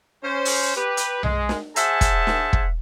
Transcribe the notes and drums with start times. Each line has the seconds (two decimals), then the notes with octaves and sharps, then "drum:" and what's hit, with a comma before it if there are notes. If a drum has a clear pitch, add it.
0.24 C#4 C5
0.45 drum: open hi-hat
0.76 G4 B4
0.97 drum: hi-hat
1.23 G#3, drum: tom B1
1.49 drum: snare
1.76 G#4 C5 E5 F#5 G#5 A5, drum: hi-hat
2.01 drum: kick, hi-hat
2.27 drum: snare
2.53 drum: kick